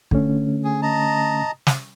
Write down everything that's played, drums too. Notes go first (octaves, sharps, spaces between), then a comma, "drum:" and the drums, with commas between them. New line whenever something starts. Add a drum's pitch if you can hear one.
D3 A3 C#4, drum: kick
G#4
D#5 A5 A#5
drum: snare